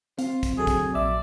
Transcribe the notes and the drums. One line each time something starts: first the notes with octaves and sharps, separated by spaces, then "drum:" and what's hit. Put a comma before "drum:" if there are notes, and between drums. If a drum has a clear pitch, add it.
C4 F4 F5, drum: hi-hat
drum: kick, hi-hat
D2 F#3 G#4 A4
drum: kick, hi-hat
A#1 D5 E5